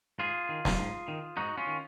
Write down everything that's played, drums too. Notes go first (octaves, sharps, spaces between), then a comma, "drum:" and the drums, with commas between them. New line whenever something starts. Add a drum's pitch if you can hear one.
G#2 F4 G#4
D#3
drum: snare
G#2
D#3
G#2 D#4 F#4
C#4 F4
D#3